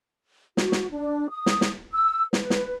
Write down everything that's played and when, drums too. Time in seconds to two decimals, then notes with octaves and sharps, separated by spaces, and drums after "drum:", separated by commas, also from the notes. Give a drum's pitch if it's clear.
0.57 F#4, drum: snare
0.72 drum: snare
0.91 D4
1.30 D#6
1.46 drum: snare
1.61 drum: snare
1.93 E6
2.33 B4, drum: snare
2.50 drum: snare